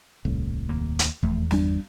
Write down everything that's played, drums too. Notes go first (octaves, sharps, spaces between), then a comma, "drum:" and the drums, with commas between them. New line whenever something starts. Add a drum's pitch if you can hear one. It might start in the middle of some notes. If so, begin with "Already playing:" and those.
D#1 C2 A2
D#2 A#3
drum: hi-hat
F1 E2 A3
G1 G3 D4, drum: snare